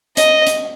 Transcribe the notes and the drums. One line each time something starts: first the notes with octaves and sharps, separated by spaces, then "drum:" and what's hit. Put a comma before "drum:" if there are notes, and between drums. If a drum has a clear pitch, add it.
D#5, drum: hi-hat
drum: hi-hat